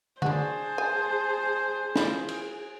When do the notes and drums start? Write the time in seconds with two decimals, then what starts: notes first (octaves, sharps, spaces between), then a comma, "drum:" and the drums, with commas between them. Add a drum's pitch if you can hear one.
0.22 D4 F#4 G#4 C5 A5, drum: tom D3
0.78 G#5
1.96 E4 F4 G#4, drum: snare
2.29 drum: cymbal